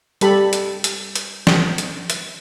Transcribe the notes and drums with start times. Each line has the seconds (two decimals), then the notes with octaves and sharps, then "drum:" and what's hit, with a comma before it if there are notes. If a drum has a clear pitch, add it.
0.21 G3 G4 A4 B5, drum: hi-hat
0.53 drum: hi-hat
0.84 drum: hi-hat
1.15 drum: hi-hat
1.47 drum: snare
1.78 drum: hi-hat
2.10 drum: hi-hat